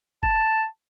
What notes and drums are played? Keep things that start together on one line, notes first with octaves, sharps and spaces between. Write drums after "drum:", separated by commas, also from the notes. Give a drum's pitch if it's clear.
A5, drum: kick